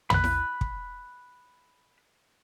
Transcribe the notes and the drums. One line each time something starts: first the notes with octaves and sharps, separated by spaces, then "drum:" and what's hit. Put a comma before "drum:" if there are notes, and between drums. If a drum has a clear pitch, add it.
B5 F#6, drum: tom
drum: snare E4
drum: kick